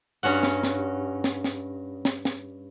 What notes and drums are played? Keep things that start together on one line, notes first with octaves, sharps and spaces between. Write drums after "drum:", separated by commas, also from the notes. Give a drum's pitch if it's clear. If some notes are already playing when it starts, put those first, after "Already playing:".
G2 C#4 F#4 F#5
drum: snare
drum: snare
drum: snare
drum: snare
drum: snare
drum: snare